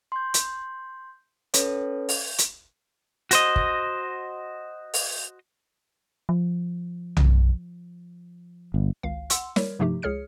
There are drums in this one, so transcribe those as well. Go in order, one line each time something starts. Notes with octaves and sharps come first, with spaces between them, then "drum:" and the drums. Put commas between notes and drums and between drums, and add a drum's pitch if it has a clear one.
C6 G6
drum: hi-hat
C#4 A4 B4 C#5, drum: hi-hat
drum: open hi-hat
drum: hi-hat
F#4 C5 D#5, drum: hi-hat
drum: kick
drum: open hi-hat
F3
drum: tom B1
G1
G#1 C#2 F5
F#5 C6 E6, drum: hi-hat
G3 A#4 C#5, drum: snare
G2 C3 F3 A3 D#4 G4
C#2 G#4 C#5 F6 C#7